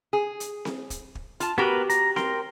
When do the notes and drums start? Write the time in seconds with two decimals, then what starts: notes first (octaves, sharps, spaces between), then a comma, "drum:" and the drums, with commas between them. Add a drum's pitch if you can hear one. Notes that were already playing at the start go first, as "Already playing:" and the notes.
0.13 G#4
0.40 drum: hi-hat
0.65 drum: snare C4
0.90 drum: kick, hi-hat
1.15 drum: kick
1.40 F4 A5, drum: hi-hat
1.58 B3 F#4 G4 A#4 B4
1.90 A#5, drum: hi-hat
2.16 A#4 G5 C6, drum: snare C4